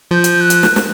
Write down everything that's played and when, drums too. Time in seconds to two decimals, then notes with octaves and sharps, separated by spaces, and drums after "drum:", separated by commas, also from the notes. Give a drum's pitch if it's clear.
0.11 F3 G6
0.24 drum: hi-hat
0.41 F#6
0.50 drum: hi-hat
0.63 drum: snare
0.76 drum: snare